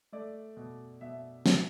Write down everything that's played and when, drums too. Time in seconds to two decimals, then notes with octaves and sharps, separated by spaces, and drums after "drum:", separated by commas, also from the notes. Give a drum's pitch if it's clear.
0.12 A3 D5
0.57 B2
1.01 B2 E5
1.46 B2, drum: snare